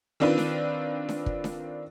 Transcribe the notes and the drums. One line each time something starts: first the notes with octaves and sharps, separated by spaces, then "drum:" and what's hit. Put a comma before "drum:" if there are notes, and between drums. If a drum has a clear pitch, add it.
D#3 C4 D4 F4 B4
drum: snare D4
drum: snare D4
drum: kick
drum: snare D4